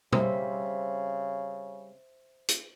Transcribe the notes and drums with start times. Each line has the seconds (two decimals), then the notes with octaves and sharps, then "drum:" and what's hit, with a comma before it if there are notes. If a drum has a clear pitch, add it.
0.13 C#3 G3 C4 C5 E5, drum: tom
2.48 drum: hi-hat